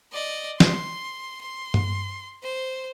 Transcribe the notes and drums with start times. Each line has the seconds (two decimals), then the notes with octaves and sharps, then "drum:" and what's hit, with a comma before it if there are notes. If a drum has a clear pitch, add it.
0.12 D5 D#5
0.60 C6, drum: snare
1.42 C6
1.74 drum: tom G2
2.43 C5